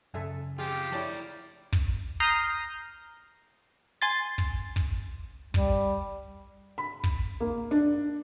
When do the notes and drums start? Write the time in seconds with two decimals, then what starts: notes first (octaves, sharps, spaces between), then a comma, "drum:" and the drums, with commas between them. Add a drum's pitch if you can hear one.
0.14 F#2 C#3 A4 E5 G#5
0.59 F2 F4 G4 G#4
0.92 A3 E4 C#5 D5 A5
1.73 drum: kick
2.20 A#5 D#6 F6 G6 A#6 C7
4.02 G#5 C6 A6
4.38 drum: kick
4.76 drum: kick
5.54 G3, drum: kick
6.78 B5
7.04 drum: kick
7.40 A#3
7.71 D4